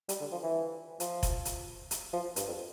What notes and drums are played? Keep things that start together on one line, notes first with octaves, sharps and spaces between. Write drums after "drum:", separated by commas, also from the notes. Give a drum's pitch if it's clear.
G3, drum: hi-hat
D3
F3
E3
F3, drum: hi-hat
drum: kick F1, hi-hat
drum: hi-hat
drum: hi-hat
F3
G2, drum: hi-hat
F2